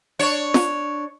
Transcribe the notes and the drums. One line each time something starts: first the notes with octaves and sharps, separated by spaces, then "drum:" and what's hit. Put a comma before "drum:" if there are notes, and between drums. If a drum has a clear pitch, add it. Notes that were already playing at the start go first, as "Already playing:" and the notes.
D4 C#5
drum: snare